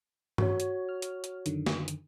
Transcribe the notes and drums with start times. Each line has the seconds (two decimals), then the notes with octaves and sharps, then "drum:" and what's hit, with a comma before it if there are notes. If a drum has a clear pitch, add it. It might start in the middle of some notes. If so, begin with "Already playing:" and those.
0.38 F#4 C#5, drum: tom G2
0.60 drum: hi-hat
0.89 F6
1.02 drum: hi-hat
1.24 drum: hi-hat
1.46 F#2 D3 D#3, drum: hi-hat
1.66 drum: snare
1.88 drum: hi-hat